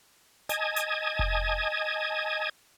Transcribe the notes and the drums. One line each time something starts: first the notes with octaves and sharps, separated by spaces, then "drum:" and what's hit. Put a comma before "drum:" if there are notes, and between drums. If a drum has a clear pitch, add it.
D#5 G#5 A5 D#6 G#6, drum: hi-hat
drum: hi-hat
drum: kick F1